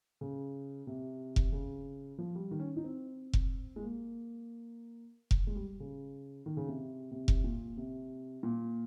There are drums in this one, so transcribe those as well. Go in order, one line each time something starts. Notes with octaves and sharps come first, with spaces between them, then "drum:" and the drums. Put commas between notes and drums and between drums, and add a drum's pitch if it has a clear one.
C#3
C3
drum: kick F1
C#3
F3
G3
D#3
C#4
D#4
C4
drum: kick F1
G#3
A#3
drum: kick F1
G#3
G3
C#3
D#3
C#3
C3
C3
drum: kick F1
A#2
C3
A#2